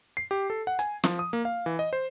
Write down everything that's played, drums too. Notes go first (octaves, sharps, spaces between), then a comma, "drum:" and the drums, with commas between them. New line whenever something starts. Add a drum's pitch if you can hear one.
C7
G4
A4
F#5
G#5, drum: hi-hat
F3, drum: snare
D#6
A#3
F5
E3
D#5
C5